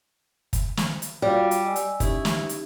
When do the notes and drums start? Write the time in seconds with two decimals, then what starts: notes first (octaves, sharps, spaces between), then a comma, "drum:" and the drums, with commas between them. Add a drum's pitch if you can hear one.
0.53 drum: kick, hi-hat
0.77 drum: snare
1.02 drum: hi-hat
1.22 G3 F4 F#4 F5
1.51 drum: hi-hat
1.65 D#5 G#5 E6
1.76 drum: hi-hat
2.00 C#4 D#4 E4 G4, drum: kick, hi-hat
2.25 drum: snare
2.49 drum: hi-hat